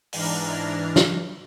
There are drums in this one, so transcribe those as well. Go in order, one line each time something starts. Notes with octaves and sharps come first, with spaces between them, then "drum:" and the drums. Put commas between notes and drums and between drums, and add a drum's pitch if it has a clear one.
G#2 E3 D4 A#5 F6, drum: open hi-hat
drum: snare